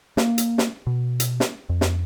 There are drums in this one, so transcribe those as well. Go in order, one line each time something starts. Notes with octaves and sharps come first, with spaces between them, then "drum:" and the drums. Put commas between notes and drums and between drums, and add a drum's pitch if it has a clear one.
A#3, drum: snare
drum: hi-hat
drum: snare
B2
drum: hi-hat
drum: snare
F2
drum: snare